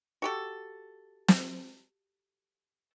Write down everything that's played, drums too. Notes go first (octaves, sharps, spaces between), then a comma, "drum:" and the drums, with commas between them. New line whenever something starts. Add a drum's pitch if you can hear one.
F#4 G4 A4
drum: snare